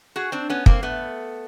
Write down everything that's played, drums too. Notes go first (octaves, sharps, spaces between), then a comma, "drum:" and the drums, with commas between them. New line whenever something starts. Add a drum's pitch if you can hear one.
F#4 G#4
C4 D4
B3 C#4
A#3 C4, drum: kick
A3 B3